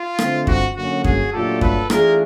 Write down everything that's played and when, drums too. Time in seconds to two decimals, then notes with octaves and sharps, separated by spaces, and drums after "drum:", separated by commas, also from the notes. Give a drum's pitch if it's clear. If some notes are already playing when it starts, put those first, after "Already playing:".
Already playing: F4
0.19 D3 F3 A3 C4, drum: rim click
0.47 F#4, drum: kick F#2
0.76 D3 F#3 A#3 C#4 F#4
1.04 F#4 G#4, drum: kick F#2
1.33 A#2 F#3 A3 D4 F4 G4 A4
1.61 A4 B4, drum: kick F#2
1.90 E3 A3 D4 F4 G#4 A#4, drum: rim click